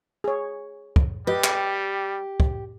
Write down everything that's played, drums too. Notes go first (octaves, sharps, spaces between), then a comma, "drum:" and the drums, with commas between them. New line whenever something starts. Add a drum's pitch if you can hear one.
G#4 C#5
drum: kick
G3 G4 B4 D#5
drum: clap
drum: kick